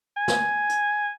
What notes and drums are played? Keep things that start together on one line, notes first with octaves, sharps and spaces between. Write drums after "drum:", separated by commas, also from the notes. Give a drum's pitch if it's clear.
G#5
drum: snare
drum: hi-hat